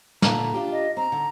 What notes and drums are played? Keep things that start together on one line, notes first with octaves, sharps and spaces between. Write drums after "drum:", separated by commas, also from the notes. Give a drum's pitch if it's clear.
A#2 D3 A3 A#5, drum: snare
D4 F4 G4
D#5
C4 A#5
D3